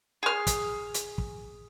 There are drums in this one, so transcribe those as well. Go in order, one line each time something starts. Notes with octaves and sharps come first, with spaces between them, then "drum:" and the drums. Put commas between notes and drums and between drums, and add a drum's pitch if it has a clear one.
G#4 F6
drum: kick, hi-hat
drum: hi-hat
drum: kick